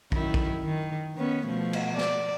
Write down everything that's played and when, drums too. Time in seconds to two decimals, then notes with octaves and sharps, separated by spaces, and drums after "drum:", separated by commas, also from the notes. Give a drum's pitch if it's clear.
0.12 F#2 D#3 E4, drum: kick
0.34 drum: kick
0.63 D#3
1.15 D#3 B3 C#4
1.46 B2 F3 A3
1.73 drum: cymbal
1.98 D5, drum: snare